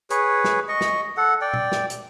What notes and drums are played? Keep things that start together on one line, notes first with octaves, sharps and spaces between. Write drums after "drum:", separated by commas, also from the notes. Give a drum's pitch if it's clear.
G#4 B4 C#5, drum: hi-hat
drum: snare
D#5 C#6
drum: snare
A4 F#5
D5 G5
drum: tom A#2
drum: snare
drum: hi-hat